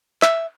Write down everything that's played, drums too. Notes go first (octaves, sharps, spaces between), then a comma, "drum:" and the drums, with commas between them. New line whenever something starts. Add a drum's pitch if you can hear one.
E5, drum: clap